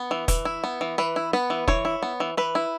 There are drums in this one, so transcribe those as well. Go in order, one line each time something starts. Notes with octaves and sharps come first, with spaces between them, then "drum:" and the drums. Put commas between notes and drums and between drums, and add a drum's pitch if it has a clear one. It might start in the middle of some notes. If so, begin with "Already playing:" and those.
Already playing: B3
E3
E3, drum: kick, hi-hat
E4
B3
E3
E3 B4
E4
B3 B4
E3
E3 C#5, drum: kick
E4
B3
E3
E3 B4
E4